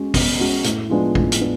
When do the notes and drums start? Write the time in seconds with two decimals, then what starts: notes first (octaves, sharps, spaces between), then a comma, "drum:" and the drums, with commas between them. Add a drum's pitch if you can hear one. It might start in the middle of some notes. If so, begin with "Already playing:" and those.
Already playing: G#3 C#4 F#4
0.14 B2, drum: kick G#1, open hi-hat
0.39 G#3 C#4 F#4
0.64 A2, drum: hi-hat
0.90 F3 G#3 B3 D4
1.15 A2, drum: kick G#1
1.32 drum: hi-hat
1.41 B3 D4